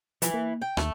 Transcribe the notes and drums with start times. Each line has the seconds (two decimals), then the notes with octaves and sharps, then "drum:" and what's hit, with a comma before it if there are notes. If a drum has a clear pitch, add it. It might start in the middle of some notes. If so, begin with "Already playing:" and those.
0.22 E3 F3, drum: hi-hat
0.34 A#3
0.62 G5
0.77 D#2 A3, drum: rim click